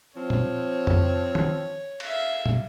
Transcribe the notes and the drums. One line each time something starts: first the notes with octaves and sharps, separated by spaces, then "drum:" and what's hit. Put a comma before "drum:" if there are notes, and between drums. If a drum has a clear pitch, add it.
F3 C4 C#5
drum: tom A#2
drum: tom F2
drum: tom D#3
E5 F5, drum: cymbal
drum: tom A#2